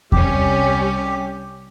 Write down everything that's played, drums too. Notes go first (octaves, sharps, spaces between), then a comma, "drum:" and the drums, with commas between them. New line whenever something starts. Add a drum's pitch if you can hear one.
C2 G3 C#4 G4, drum: kick E2